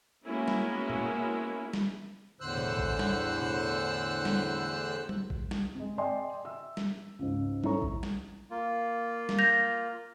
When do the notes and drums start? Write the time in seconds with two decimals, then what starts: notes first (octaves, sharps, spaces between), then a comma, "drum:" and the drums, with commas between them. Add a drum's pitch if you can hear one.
0.25 G#3 A#3 B3 C#4 E4 F#4
0.48 drum: snare
0.90 drum: tom
1.73 drum: snare
2.41 E2 A2 D3 C5 E6 F#6
2.57 drum: tom B2
2.78 drum: kick
2.99 drum: snare
3.41 drum: tom B2
4.25 drum: snare
5.09 drum: tom F#3
5.30 drum: kick
5.51 drum: snare
5.75 G#3 C4
5.98 D5 D#5 G5 G#5 C6
6.45 E5 E6
6.77 drum: snare
7.19 C#2 G#2
7.64 C#4 E4 A4 C#5 A#5 C#6, drum: tom F#3
7.82 drum: kick
8.03 drum: snare
8.50 A#3 F4
9.29 drum: snare
9.39 G6 A#6 F7